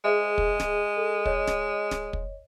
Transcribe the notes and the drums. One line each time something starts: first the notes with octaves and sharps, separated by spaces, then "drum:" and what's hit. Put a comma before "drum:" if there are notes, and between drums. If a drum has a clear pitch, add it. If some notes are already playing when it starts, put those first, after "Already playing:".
G#3 G#4 C5 E5
drum: kick
drum: snare
A4
C#5 D#5, drum: kick
drum: snare
drum: snare
drum: kick